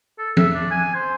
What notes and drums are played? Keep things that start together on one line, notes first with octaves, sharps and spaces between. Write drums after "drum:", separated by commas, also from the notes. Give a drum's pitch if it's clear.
A4
E5, drum: tom F3
D4
G#5
C5